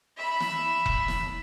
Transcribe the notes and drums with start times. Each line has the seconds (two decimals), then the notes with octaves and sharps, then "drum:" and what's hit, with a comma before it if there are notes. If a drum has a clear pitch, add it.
0.18 E5 B5
0.40 drum: snare
0.86 drum: kick E1
1.08 drum: snare